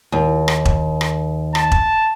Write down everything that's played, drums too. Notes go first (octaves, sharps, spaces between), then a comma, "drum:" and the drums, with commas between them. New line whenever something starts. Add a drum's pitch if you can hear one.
D#2
drum: rim click
drum: kick E1
drum: rim click
A5, drum: rim click
drum: kick E1